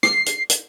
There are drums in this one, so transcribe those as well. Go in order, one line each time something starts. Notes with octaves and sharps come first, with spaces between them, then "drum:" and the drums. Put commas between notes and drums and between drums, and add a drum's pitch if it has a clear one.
C7, drum: rim click
drum: hi-hat
drum: hi-hat